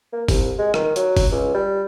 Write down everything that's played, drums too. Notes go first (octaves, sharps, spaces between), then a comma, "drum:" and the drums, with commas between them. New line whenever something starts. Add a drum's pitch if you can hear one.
A#3
C2, drum: kick, open hi-hat
G#3
D#3, drum: rim click
F#3, drum: hi-hat
drum: kick, open hi-hat
C#2
G3